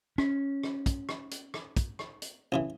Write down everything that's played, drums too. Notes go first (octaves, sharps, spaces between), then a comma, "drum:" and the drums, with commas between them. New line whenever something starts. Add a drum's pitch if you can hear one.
C#4, drum: rim click
drum: rim click
drum: kick, hi-hat
drum: rim click
drum: hi-hat
drum: rim click
drum: kick, hi-hat
drum: rim click
drum: hi-hat
A1 C#3 E3